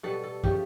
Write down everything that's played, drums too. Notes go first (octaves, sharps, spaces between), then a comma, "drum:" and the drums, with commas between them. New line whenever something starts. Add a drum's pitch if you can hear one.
B2 G3 B3 A4
A4
C#3 F3 A3 G4, drum: kick